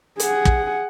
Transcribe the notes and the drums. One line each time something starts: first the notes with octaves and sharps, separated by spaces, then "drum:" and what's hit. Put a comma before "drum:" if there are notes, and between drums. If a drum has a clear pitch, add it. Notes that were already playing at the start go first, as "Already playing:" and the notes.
G#4 F#5, drum: hi-hat
drum: kick